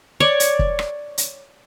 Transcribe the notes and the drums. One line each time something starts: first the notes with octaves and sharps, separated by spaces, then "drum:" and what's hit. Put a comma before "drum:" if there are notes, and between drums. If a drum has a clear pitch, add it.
C#5 D5
drum: hi-hat
drum: kick
drum: rim click
drum: hi-hat